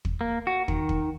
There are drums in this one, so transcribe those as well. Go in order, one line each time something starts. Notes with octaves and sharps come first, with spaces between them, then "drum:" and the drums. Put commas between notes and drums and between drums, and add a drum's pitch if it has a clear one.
drum: kick
A#3
F#4
D#3, drum: kick
drum: kick